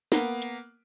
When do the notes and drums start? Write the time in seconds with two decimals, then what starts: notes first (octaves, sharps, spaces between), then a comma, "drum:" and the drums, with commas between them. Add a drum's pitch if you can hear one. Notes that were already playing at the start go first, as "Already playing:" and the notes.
0.12 A#3 B3, drum: snare
0.42 drum: hi-hat